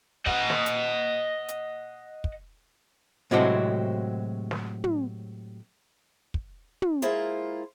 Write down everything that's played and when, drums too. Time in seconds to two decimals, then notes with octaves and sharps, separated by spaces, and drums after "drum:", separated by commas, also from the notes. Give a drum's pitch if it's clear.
0.27 D#5 F#5, drum: kick
0.50 drum: snare
0.66 drum: hi-hat
1.48 drum: hi-hat
2.24 drum: kick
3.31 A2 C3 F#3 G#3 C4 F#4
4.51 drum: snare
4.84 drum: tom
6.34 drum: kick
6.82 drum: tom
7.02 G#3 A#3 E4 F4 C5 A#5, drum: hi-hat